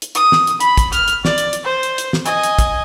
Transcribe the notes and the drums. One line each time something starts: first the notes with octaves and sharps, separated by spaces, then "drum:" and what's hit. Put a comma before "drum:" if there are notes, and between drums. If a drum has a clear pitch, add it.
drum: hi-hat
D#6, drum: hi-hat
drum: snare
drum: hi-hat
B5, drum: hi-hat
drum: kick, hi-hat
F6, drum: hi-hat
drum: hi-hat
D5, drum: snare
drum: hi-hat
drum: hi-hat
C5
drum: hi-hat
drum: hi-hat
drum: snare
D#5 G#5, drum: hi-hat
drum: hi-hat
drum: kick, hi-hat